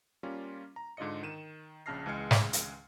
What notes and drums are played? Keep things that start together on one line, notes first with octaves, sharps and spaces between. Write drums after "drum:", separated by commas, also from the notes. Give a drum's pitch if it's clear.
G3 A#3 C#4 F4
A#5
G#2 D3 F4 D5 D#5 C#7
D#3 D#7 E7
A#1 C#3 A5 F6 A#6 C7
C#2 E3 G#3 G#4 F6 C#7
drum: snare
drum: hi-hat